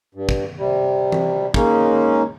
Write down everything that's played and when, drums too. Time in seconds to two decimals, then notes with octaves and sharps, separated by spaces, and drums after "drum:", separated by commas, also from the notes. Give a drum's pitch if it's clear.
0.15 G2
0.29 drum: kick
0.58 C3 G3
1.12 drum: tom E3
1.54 G#3 A#3 C#4 D#4, drum: kick